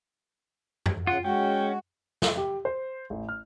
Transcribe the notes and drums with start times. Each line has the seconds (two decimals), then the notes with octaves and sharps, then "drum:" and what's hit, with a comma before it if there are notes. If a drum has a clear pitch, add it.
0.86 drum: tom F#2
1.07 C#3 F4 F#5
1.24 G#3 C#4 F#4 G5
2.22 drum: snare
2.37 G4
2.65 C5
3.10 A1
3.29 F6